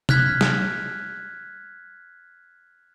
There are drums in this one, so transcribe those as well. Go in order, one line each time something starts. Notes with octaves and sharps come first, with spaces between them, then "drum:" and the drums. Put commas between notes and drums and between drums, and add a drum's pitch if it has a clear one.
F6 F#6 G#6 B6, drum: tom
drum: snare